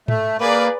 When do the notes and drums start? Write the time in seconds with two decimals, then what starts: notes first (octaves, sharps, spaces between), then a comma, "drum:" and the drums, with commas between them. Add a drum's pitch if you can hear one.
0.08 A3, drum: tom G#2
0.39 A#3 G#4 B4 D5